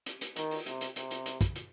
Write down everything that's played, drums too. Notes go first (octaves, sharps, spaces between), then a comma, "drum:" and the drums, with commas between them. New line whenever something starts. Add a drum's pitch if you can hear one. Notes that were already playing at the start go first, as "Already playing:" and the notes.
drum: hi-hat
drum: hi-hat
D#3, drum: hi-hat
drum: open hi-hat
C3, drum: hi-hat
drum: hi-hat
C3, drum: hi-hat
drum: hi-hat
drum: hi-hat
drum: kick, hi-hat
drum: hi-hat